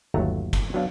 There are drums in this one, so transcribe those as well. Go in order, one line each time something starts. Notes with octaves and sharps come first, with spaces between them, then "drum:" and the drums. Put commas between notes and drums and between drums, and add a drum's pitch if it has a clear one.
G1 D#2 F#3 A3 F#5 A#5
drum: kick F#1, cymbal
F#3 B3 D4 F5